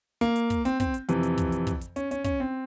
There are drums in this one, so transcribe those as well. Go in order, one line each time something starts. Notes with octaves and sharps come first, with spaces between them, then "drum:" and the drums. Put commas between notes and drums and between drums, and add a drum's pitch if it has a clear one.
A#3, drum: hi-hat
drum: hi-hat
drum: kick, hi-hat
C4, drum: hi-hat
C4, drum: kick, hi-hat
drum: hi-hat
F2 C3 E3, drum: hi-hat
drum: hi-hat
drum: kick, hi-hat
drum: hi-hat
drum: kick, hi-hat
drum: hi-hat
C#4, drum: hi-hat
C#4, drum: hi-hat
C#4, drum: kick, hi-hat
C4